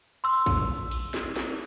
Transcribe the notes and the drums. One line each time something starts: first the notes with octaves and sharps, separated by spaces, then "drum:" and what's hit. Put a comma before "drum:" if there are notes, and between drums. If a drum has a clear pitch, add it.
C6 E6
drum: kick, cymbal
drum: cymbal
drum: snare
drum: snare